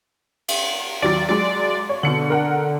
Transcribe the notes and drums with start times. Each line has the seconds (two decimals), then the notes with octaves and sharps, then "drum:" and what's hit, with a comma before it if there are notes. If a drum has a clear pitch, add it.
0.48 drum: cymbal
1.02 D#2 F#3 D5 A6
1.29 F#3 G#3 D5
1.89 C#5
2.03 B2 D3 C#7 F#7
2.30 A#4 F#5